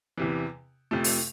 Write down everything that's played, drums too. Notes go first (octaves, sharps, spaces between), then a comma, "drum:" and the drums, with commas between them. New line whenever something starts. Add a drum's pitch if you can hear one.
E2 C3 E3
F2 C3 F3 A3
drum: open hi-hat